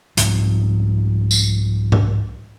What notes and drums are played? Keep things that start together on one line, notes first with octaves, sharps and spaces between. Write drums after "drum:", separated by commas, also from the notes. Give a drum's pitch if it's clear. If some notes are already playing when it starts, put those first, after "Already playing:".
C2 G#2 C3 F3, drum: hi-hat
drum: tambourine
drum: tom G#2